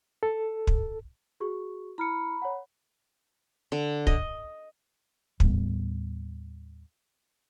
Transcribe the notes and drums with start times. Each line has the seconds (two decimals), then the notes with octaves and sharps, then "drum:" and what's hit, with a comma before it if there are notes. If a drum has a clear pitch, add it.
0.23 A4
0.67 drum: kick
1.40 F#4 G#4 C#6
1.98 E4 A#5 B5 F6 C#7
2.42 C#5 F#5
3.72 D3
4.07 D#5, drum: kick
5.40 D#2 A2 G3 B3, drum: kick